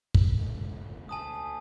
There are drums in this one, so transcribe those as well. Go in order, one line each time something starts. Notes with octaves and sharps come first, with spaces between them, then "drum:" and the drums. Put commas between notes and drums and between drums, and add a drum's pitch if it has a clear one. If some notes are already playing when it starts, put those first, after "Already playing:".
drum: kick
E1 C#2 D3
D2 G#5 A5 D#6